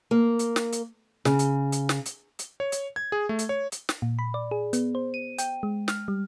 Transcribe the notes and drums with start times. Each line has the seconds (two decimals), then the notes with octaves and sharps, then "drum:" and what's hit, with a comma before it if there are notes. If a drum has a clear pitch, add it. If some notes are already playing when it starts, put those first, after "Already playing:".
0.11 A#3
0.39 drum: hi-hat
0.56 drum: snare
0.73 drum: hi-hat
1.25 C#3, drum: snare
1.39 drum: hi-hat
1.72 drum: hi-hat
1.89 drum: snare
2.06 drum: hi-hat
2.39 drum: hi-hat
2.60 C#5
2.72 drum: hi-hat
2.96 G#6
3.12 G#4
3.29 A3
3.39 drum: hi-hat
3.49 C#5
3.72 drum: hi-hat
3.89 drum: snare
4.02 A#2
4.19 B5
4.34 D5
4.51 G#4
4.73 B3, drum: hi-hat
4.95 C5
5.14 D#7
5.38 G5, drum: hi-hat
5.63 G#3
5.88 F6, drum: snare
6.08 G3